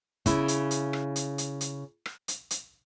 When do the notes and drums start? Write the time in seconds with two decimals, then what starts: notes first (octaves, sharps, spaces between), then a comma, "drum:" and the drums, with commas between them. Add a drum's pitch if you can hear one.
0.26 C#3 E4, drum: kick, hi-hat
0.48 drum: hi-hat
0.71 drum: hi-hat
0.93 drum: rim click
1.16 drum: hi-hat
1.38 drum: hi-hat
1.61 drum: hi-hat
2.06 drum: rim click
2.28 drum: hi-hat
2.51 drum: hi-hat